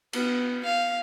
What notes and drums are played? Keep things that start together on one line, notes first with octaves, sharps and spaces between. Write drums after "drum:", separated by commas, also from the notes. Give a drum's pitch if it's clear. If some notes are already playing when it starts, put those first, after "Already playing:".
B3, drum: cymbal
F5